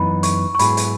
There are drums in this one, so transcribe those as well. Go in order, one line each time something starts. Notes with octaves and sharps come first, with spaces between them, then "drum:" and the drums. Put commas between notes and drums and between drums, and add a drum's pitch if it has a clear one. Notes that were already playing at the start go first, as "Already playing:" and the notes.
Already playing: F#2 E3 B3 D#4 B5
C#6, drum: hi-hat
C#6
G#2 F#3 B3 E4 G#4 B5, drum: hi-hat
drum: hi-hat